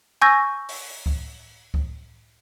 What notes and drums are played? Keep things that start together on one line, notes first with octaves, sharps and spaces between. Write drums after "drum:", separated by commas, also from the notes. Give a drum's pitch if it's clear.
G#5 C#6 E6 G6 G#6 A#6
drum: open hi-hat
drum: kick C#2
drum: kick C#2